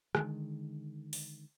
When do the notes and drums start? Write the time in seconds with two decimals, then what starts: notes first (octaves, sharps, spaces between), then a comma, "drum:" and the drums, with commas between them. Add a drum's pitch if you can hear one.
0.15 D3 D#3 G#3, drum: rim click
1.13 drum: open hi-hat